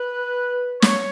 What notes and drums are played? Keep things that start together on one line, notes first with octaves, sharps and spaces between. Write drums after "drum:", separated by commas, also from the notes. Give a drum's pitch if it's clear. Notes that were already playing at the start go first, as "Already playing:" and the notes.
Already playing: B4
C#5, drum: snare